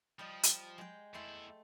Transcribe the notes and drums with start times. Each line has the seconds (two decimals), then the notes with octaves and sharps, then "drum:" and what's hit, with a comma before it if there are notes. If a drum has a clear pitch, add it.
0.19 F3 G3 D#5
0.43 drum: hi-hat
0.78 G#3 G5
1.14 E2 A3 E4 G5 C6